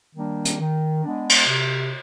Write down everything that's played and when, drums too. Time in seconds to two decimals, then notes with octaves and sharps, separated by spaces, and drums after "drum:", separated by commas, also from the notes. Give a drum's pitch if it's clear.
0.15 D#3 G3 A#3 D4
0.45 drum: hi-hat
0.59 D#3
1.03 G#3 B3 D4
1.29 drum: cymbal
1.48 C3